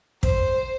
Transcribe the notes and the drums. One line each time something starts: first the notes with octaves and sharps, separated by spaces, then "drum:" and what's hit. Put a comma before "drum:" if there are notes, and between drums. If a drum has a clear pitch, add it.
C5, drum: kick